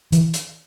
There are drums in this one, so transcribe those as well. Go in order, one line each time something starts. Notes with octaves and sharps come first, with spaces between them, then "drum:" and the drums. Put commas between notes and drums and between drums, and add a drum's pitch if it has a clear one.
E3, drum: hi-hat
drum: hi-hat